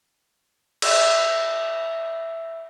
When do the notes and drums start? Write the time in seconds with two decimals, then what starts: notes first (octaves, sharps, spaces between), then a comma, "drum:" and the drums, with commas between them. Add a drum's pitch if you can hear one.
0.82 E5 E6, drum: cymbal